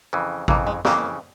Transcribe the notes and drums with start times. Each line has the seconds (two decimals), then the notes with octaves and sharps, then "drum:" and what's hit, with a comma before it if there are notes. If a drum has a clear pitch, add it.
0.13 F2 C#3 E3
0.48 F2 C#3 E3 A#3, drum: kick G#1
0.67 G#3
0.85 F2 C#3 E3 A#3, drum: snare